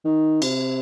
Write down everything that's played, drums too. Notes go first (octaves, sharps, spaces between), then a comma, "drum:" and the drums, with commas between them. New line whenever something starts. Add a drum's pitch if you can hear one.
D#3
C3, drum: cymbal